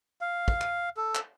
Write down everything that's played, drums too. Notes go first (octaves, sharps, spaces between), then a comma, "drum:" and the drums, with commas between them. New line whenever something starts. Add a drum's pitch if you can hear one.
F5
drum: kick
drum: clap
A4
drum: clap